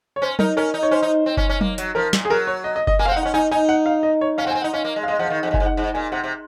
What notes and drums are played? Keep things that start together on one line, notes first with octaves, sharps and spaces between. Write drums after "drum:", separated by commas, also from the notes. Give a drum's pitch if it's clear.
C#5
C#4 C5
D#4 A#4, drum: tom F#3
C#4 A#4
D#4
C#5
C#4 C5
D#4
C4
C#4, drum: kick F#1
C#4
A#3, drum: tom F#3
F#3, drum: hi-hat
F3 A#4
A#2, drum: snare
G#4
F#3 A#4
C#5
D#5
D#5
D#5, drum: kick F#1
A#3 G#5
C4 F5
F#5
D#4
F#5
C#4
D#4 G#5
D#4 G#5
F#5
F5
D#5
C#5
C#4 F5
C4 F#5
G#5
C4
F#5
D#4
C#4 F5
A#3
G#3
F5
G#3 D#5
F3 F#5
F5
D#3
F2 F#5
F#2
G#5, drum: kick F#1
G#2
F#5
G#2 F#5
A#2 G#5
C3 F#5
C3